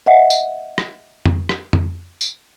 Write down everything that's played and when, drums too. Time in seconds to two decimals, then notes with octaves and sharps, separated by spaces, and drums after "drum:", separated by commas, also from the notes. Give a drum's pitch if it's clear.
0.06 D#5 E5 F#5
0.30 drum: tambourine
0.78 drum: rim click
1.26 drum: tom F2
1.49 drum: rim click
1.73 drum: tom F2
2.21 drum: tambourine